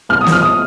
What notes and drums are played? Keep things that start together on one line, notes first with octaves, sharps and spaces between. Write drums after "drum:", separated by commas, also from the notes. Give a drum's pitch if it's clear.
C2 F6
D#6
F3, drum: snare
F6
D#6